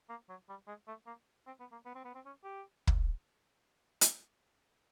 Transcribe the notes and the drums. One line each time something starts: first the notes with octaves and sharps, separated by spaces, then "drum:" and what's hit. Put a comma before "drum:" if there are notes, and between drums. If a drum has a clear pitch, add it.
A#3
F#3
G3
G#3
A3
A#3
C4
B3
A#3
B3
C4
B3
C4
C#4
G4
drum: kick
drum: hi-hat